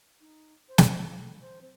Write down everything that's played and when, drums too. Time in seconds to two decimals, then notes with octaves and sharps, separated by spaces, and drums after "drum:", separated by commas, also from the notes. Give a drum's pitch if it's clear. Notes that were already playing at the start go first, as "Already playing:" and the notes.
0.21 D#4
0.68 C5
0.78 drum: snare
1.16 A3
1.41 C5
1.61 C4